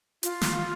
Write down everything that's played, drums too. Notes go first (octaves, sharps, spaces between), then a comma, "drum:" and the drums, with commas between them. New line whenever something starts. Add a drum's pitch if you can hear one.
F4, drum: hi-hat
drum: snare